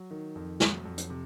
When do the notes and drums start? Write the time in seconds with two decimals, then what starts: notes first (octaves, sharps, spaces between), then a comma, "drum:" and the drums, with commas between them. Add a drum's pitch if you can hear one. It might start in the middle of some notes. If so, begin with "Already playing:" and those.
Already playing: F#3
0.11 D#3
0.36 F2
0.60 F#3, drum: snare
0.85 F2
0.98 drum: hi-hat
1.10 C3